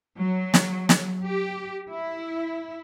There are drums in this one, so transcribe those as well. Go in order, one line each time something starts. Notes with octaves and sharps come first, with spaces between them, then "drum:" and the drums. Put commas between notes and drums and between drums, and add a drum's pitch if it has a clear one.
F#3
drum: snare
drum: snare
G4
E4